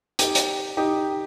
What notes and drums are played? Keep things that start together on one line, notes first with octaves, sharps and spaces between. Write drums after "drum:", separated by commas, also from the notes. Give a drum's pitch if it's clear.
D#4 G4, drum: hi-hat
drum: hi-hat
D#4 G4